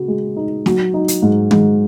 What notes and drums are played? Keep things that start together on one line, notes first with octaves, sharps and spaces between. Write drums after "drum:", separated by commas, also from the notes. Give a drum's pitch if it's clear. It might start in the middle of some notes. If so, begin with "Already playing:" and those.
Already playing: C#3 F#4
G#3
D#4
F#3, drum: snare
D#4
drum: hi-hat
G#2
G#2, drum: tom